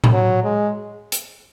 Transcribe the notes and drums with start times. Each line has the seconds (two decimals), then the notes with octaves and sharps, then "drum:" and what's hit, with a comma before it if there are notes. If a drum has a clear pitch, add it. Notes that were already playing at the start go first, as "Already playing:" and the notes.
0.04 drum: tom A2
0.13 F#3
0.43 G#3
1.12 drum: hi-hat